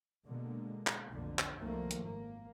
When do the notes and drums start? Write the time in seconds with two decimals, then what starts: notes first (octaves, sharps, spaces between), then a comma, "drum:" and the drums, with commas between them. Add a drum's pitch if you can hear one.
0.26 B2 D3 G#3 A#3
0.87 drum: clap
1.13 B1 F2 D3 A#3
1.39 drum: clap
1.58 C2 F#2 D#3 F3 A3 A#3
1.91 drum: hi-hat
2.03 G#1 A#3